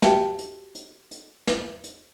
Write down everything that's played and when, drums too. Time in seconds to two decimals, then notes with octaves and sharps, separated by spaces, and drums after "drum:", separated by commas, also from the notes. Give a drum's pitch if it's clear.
0.02 F#4 G4 E5 G5 A5, drum: snare
0.39 drum: hi-hat
0.75 drum: hi-hat
1.11 drum: hi-hat
1.47 drum: snare
1.84 drum: hi-hat